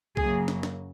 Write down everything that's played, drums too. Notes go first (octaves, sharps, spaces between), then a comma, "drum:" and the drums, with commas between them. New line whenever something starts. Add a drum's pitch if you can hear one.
F#2 C#3 F#3 A#3 G#4, drum: kick B1
drum: snare
drum: snare